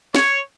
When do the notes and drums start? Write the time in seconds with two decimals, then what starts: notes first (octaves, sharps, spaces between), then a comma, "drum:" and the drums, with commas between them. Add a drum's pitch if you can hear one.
0.15 C#5, drum: snare